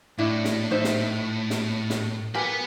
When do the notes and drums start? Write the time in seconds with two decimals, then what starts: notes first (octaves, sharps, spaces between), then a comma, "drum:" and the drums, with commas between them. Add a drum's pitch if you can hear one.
0.18 A2 D4 E4
0.45 drum: snare
0.71 D#4 C5 E5
0.84 drum: snare
1.50 drum: snare
1.90 drum: snare
2.35 G4 A#4 B4 F#5 G#5